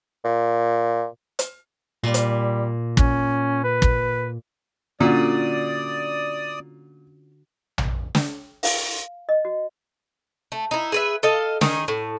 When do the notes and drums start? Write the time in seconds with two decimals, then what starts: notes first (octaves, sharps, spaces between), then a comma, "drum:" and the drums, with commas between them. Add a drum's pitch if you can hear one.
0.24 A#2
1.39 drum: hi-hat
2.04 A#2 G3
2.14 drum: hi-hat
2.97 C#4, drum: kick
3.64 B4
3.82 drum: kick
5.00 A#2 D3 C#4 F4 F#4 D5 D#6
7.78 drum: tom A#1
8.15 drum: snare
8.63 F5, drum: open hi-hat
9.29 D#5
9.45 F#4
10.52 A3
10.71 D#4 E4
10.92 G#4 B4 E5
11.23 A4 D#5 F5
11.61 D#3 D#4 G#4, drum: snare
11.88 A2